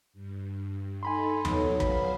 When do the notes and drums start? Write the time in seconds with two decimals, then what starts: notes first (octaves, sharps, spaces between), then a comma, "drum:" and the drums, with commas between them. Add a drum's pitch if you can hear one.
0.13 G2
1.03 D#4 A4 G#5 B5 C6
1.45 F#3 B3, drum: tom D#2
1.80 C5 F5 G#5 B5, drum: kick